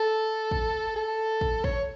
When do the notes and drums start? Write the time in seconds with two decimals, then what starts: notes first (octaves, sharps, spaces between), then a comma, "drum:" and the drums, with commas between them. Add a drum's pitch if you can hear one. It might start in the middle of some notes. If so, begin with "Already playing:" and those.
Already playing: A4
0.51 drum: kick
0.96 A4
1.41 drum: kick
1.64 C#5, drum: kick